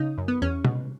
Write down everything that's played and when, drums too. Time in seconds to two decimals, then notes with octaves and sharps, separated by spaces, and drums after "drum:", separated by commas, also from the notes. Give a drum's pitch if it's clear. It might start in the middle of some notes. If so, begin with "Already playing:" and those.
Already playing: C#3 D#4
0.18 F#2
0.28 B3
0.42 E2 C#4
0.65 B2, drum: tom C3